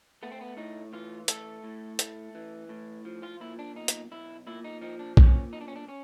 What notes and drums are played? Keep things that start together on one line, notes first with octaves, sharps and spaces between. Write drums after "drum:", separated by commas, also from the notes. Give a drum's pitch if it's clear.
A3 B3
C4
B3
A2 D#4
E3 F4
A3 A4, drum: hi-hat
A2
A3, drum: hi-hat
E3
A2
F3
F4
A#2 E4
D4
B1 D#4
drum: hi-hat
B1 E4
A#2 E4
D#4
F3 D#4
D4
A#2 C#4, drum: kick
B1 D#4
D4
C#4
D4
C#4